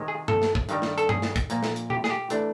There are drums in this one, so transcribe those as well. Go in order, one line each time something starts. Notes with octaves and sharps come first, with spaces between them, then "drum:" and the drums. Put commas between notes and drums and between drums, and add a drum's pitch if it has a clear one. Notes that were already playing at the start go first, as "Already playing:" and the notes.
Already playing: C3 D#3 G#3
G#4
A4, drum: tom G2
drum: snare
drum: kick
G2 D#3 G3, drum: hi-hat
drum: snare
A4, drum: hi-hat
G#4, drum: tom G2
drum: snare
drum: kick, hi-hat
A#2 F3 A#3, drum: hi-hat
drum: snare
drum: hi-hat
G4, drum: tom B2
G#4, drum: snare
G4
C3 E3 A3 D4, drum: hi-hat